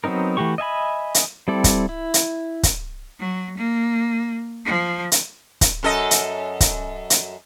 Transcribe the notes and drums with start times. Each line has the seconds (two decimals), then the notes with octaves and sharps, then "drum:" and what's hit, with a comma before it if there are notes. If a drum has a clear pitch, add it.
0.04 F#3 B3 C4 D#4 A#4
0.37 E3 A3 F#4 G4 C#6
0.58 D#5 E5 G#5 B5
1.14 drum: hi-hat
1.48 G3 C4 E4 A4 D5
1.64 drum: kick, hi-hat
1.89 E4
2.14 drum: hi-hat
2.63 drum: kick, hi-hat
3.20 F#3
3.58 A#3
4.65 F3
5.12 drum: hi-hat
5.61 drum: kick, hi-hat
5.83 F#2 A4 D#5
6.11 drum: hi-hat
6.60 drum: kick, hi-hat
7.10 drum: hi-hat